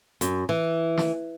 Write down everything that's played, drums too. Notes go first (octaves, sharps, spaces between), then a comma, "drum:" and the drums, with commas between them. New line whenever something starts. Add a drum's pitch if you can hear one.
F#2, drum: hi-hat
E3
drum: snare